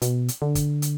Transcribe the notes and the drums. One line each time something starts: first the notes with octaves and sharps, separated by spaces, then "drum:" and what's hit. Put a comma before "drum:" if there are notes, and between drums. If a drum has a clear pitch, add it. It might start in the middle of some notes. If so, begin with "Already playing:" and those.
B2, drum: hi-hat
drum: hi-hat
D3
drum: kick, hi-hat
drum: hi-hat